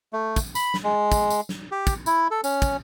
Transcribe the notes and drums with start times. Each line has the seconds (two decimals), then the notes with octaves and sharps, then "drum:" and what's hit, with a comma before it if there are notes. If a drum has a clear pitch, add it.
0.13 A3
0.36 drum: kick, tambourine
0.55 B5, drum: tambourine
0.74 drum: snare
0.84 G#3
1.12 drum: kick, tambourine
1.30 drum: tambourine
1.49 drum: snare
1.71 G4
1.87 drum: kick, tambourine
2.06 E4, drum: tambourine
2.31 A4
2.44 C#4, drum: tambourine
2.62 drum: kick, tambourine